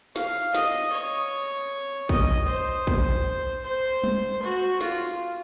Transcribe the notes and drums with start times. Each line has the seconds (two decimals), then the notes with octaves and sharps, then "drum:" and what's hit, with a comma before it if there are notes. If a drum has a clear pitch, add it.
0.16 F5, drum: snare
0.54 D#5, drum: snare
0.93 C#5
2.09 D#5, drum: kick
2.48 C5
2.87 drum: kick
3.65 C5
4.04 drum: tom
4.42 F#4
4.81 F4, drum: snare